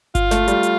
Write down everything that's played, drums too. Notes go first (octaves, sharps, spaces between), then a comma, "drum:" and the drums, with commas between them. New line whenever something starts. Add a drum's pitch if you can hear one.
F4, drum: kick G1, hi-hat
A3, drum: snare
G3, drum: hi-hat
drum: hi-hat